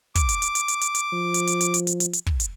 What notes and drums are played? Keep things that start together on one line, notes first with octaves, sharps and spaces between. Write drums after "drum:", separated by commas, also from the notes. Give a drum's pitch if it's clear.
D6, drum: kick, hi-hat
drum: hi-hat
drum: hi-hat
drum: hi-hat
drum: hi-hat
drum: hi-hat
drum: hi-hat
F3
drum: hi-hat
drum: hi-hat
drum: hi-hat
drum: hi-hat
drum: hi-hat
drum: hi-hat
drum: hi-hat
drum: kick
drum: hi-hat